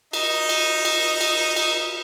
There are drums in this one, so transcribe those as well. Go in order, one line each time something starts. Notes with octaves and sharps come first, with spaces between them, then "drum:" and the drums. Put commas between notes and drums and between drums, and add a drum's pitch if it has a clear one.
D#4 D#5, drum: cymbal
drum: cymbal
drum: cymbal
drum: cymbal
drum: cymbal